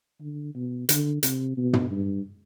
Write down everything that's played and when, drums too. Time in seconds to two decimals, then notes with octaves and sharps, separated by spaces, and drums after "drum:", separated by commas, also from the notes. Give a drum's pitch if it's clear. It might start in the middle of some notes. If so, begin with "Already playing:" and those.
0.20 D3
0.55 B2
0.89 D3, drum: hi-hat
1.23 C3, drum: hi-hat
1.57 B2
1.73 drum: tom
1.91 G2